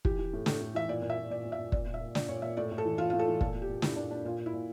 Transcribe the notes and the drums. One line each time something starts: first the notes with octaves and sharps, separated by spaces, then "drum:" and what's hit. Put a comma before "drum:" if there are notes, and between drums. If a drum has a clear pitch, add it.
E3 G4, drum: kick
E3
A2
A2, drum: snare
A2
E3 E5
A#2 D5
A#2
E5
A#2
A#2 D5
A#2
E5
A#2
A#2 D5, drum: kick
A#2
E5
A#2
A#2 D5, drum: snare
A#2 C#5
A#2 E5
A2 D5
A2
A4
E3
E3 F4
F4
A2
A4
E3
A#2 A4, drum: kick
A#2
G4
A#2
A#2 E4, drum: snare
A#2 D4
A#2 D4
A#2 F4
A#2
E4
A#2